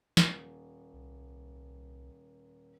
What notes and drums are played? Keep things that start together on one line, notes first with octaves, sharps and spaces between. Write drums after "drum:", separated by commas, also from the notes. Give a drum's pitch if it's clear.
D#1, drum: snare
C2